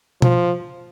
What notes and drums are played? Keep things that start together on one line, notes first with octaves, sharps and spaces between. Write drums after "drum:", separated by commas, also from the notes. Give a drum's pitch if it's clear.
F3, drum: tom B2